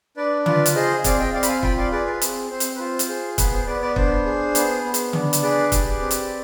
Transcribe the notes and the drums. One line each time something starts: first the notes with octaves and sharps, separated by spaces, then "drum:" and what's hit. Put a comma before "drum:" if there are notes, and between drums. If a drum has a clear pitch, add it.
D4 B4 D5
F4 B4 D5, drum: tom C#3
drum: hi-hat
G#4 C5 D#5
C4 D5 F5, drum: kick, hi-hat
D#5 G5
C4 D5 F5
B5, drum: hi-hat
F5 G#5
F4 G5 B5, drum: kick
D5 F5
G#4 B4 D5
B4
C4, drum: hi-hat
C4 C5
drum: hi-hat
B4
F4 C5
drum: hi-hat
G#4 C5
B3 B4, drum: kick, hi-hat
C5
B3 B4 D5
B4 D5
D4 C5, drum: kick
G#4
B3, drum: hi-hat
B3
drum: hi-hat
D4, drum: tom C#3
drum: hi-hat
G#4 B4 D5
G4, drum: kick, hi-hat
C4
drum: hi-hat